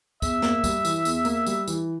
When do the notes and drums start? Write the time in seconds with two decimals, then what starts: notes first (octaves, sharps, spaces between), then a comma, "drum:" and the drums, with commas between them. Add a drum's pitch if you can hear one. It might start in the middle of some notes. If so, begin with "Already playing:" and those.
0.22 E2 E5, drum: kick, tambourine
0.42 A#3, drum: snare
0.64 G3, drum: kick, tambourine
0.85 E3, drum: tambourine
1.05 E2, drum: tambourine
1.25 A#3, drum: tambourine
1.47 G3, drum: tambourine
1.67 E3, drum: tambourine